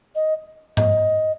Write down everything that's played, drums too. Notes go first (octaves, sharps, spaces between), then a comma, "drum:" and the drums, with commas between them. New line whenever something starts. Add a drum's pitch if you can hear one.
D#5
D#5, drum: tom G#2